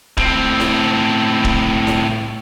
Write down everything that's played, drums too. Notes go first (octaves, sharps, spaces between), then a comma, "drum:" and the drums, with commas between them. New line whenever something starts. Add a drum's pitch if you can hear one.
A2 C4, drum: kick
drum: snare E4
drum: kick
drum: snare E4